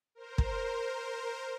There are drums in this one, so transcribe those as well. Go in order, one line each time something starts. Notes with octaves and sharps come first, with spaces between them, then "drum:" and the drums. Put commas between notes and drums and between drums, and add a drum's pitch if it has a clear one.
A#4 C5
drum: kick